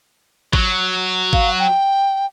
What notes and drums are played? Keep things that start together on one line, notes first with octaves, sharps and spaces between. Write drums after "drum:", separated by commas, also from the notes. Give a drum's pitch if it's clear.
F#3, drum: kick
F5, drum: kick
G5